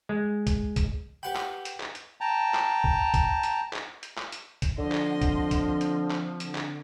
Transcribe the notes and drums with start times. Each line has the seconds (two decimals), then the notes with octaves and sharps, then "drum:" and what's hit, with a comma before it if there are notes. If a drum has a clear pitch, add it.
0.09 G#3
0.47 drum: kick, hi-hat
0.76 drum: kick, hi-hat
1.23 G4 B4 F#5 G5 B5
1.36 drum: clap
1.65 drum: hi-hat
1.80 drum: clap
1.95 drum: hi-hat
2.21 G5 A5 A#5
2.54 drum: clap
2.84 drum: kick
3.14 drum: kick, hi-hat
3.43 drum: hi-hat
3.73 drum: clap
4.03 drum: hi-hat
4.18 drum: clap
4.32 drum: hi-hat
4.62 drum: kick, hi-hat
4.78 D3 F3 D5 D#5 C6 D6
4.92 drum: clap
5.11 C4 F#5
5.22 drum: kick, hi-hat
5.51 drum: kick, hi-hat
5.69 C4
5.81 drum: hi-hat
6.11 drum: clap
6.40 D3, drum: hi-hat
6.55 drum: clap